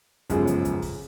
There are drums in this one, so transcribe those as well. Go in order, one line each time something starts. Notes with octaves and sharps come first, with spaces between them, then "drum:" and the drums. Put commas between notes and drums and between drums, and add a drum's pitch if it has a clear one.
G1 F#2 C#3 F3 G#3, drum: kick, hi-hat
drum: hi-hat
drum: kick, hi-hat
drum: kick, open hi-hat